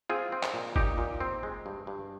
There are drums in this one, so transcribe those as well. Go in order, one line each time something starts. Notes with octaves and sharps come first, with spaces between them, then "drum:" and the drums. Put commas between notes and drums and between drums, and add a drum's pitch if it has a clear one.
C4 F4 G#4
C4
drum: clap
A#2
A#2 D#4 G4, drum: kick F#1
A#2
C4
G#3
G2
G2